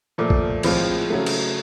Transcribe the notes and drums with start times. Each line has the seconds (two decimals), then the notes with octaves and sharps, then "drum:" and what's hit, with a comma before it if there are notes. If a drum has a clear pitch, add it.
0.18 A#2 F3 A3
0.30 drum: kick
0.63 A2 F3 G#3 C4 F4, drum: cymbal
1.10 C#3 F#3 A3
1.26 drum: cymbal